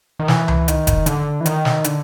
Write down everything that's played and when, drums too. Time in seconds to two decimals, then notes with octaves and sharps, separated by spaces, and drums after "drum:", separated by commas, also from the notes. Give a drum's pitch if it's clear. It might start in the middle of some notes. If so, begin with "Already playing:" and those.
0.19 D#3
0.28 E3, drum: snare
0.48 drum: tom C#2
0.68 D#3, drum: hi-hat
0.87 drum: kick F1, hi-hat
1.06 D3, drum: hi-hat
1.41 E3
1.46 D#3, drum: hi-hat
1.65 drum: snare
1.84 D3, drum: hi-hat